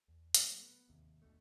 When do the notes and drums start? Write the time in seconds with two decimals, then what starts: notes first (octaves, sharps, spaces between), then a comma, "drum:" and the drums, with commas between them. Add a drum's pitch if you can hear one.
0.08 E2
0.34 A#2 F#3 A3, drum: hi-hat
0.61 B3
0.88 D1 G#1 D#2 C3
1.22 E1 D2 B2 A3